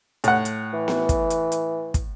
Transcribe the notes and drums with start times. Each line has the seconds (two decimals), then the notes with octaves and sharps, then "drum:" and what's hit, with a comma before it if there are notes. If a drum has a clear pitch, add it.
0.24 A2 F#5, drum: hi-hat
0.45 drum: hi-hat
0.73 E3
0.88 drum: snare B3
1.09 drum: kick, hi-hat
1.30 drum: hi-hat
1.52 drum: hi-hat
1.94 drum: kick, hi-hat